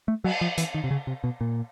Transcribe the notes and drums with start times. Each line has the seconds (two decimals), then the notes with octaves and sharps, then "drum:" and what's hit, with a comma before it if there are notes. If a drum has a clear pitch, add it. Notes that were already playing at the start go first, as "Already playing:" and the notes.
0.08 A3
0.24 F#3, drum: cymbal
0.41 F3
0.58 E3, drum: hi-hat
0.74 D#3
0.84 C3
0.91 C#3
1.07 C3
1.24 B2
1.41 A#2